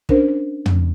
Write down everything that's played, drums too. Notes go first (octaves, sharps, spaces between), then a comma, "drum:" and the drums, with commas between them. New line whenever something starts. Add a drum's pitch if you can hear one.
C#4 D4 A#4 C5, drum: kick
drum: tom